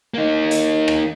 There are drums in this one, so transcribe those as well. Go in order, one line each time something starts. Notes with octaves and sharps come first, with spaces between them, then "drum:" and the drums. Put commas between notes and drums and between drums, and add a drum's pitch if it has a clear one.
A#3 D#4
drum: hi-hat
drum: rim click